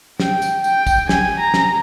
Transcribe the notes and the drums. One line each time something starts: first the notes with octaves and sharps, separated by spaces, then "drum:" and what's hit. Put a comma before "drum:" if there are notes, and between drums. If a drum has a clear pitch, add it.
G5, drum: snare
drum: tambourine
G5, drum: tambourine
drum: kick, tambourine
G#5, drum: snare
A#5
drum: snare